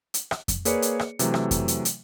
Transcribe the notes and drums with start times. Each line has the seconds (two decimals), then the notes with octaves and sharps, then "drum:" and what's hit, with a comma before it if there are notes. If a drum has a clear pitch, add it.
0.14 drum: hi-hat
0.31 drum: rim click
0.48 drum: kick F2, hi-hat
0.65 A#3 G#4 B4 C#5 D5 C#7, drum: hi-hat
0.82 drum: hi-hat
0.99 drum: rim click
1.19 C3 E3 F#3 A3, drum: hi-hat
1.34 drum: rim click
1.51 drum: kick F2, hi-hat
1.68 drum: hi-hat
1.85 drum: hi-hat